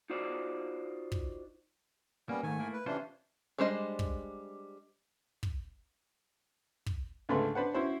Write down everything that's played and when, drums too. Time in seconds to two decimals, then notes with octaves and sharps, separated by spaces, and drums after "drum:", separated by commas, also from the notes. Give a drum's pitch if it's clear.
0.10 D#4 F4 F#4 C5 D5
1.12 drum: kick
2.29 G3 A#3 B3 C#4
2.43 G#2 D#3 A3 G#5
2.59 A3 A#3 E4
2.73 B4
2.86 C3 E3 C#4 D4 F4 C5
3.58 G3 G#3 D4 C5 D#5
3.99 drum: kick
5.43 drum: kick
6.86 drum: kick
7.29 C#2 G#2 D3 A3 B4 C6
7.55 D4 B4 C5 F#5
7.74 C#4 E4 F#4 C5